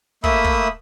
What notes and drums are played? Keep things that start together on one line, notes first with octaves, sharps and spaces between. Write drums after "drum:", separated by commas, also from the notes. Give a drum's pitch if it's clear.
A3 A#3 E5 B5 D#6 E6, drum: kick
drum: kick